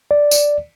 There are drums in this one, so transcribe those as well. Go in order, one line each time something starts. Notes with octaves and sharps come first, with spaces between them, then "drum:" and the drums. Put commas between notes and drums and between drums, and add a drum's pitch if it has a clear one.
D5
drum: tambourine